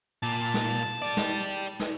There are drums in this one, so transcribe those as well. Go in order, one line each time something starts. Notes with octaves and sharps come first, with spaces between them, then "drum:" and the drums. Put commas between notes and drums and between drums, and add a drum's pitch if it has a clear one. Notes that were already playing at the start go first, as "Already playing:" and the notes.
A#2 A5
drum: snare
G4 D5
drum: snare
drum: snare